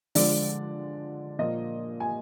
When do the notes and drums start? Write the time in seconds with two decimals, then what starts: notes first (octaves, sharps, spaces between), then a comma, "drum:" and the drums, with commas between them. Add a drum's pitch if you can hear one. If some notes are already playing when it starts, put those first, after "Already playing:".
0.15 D3 F3 G#3 D5, drum: open hi-hat
1.39 A#2 F3 A#3 D#5
2.00 G#5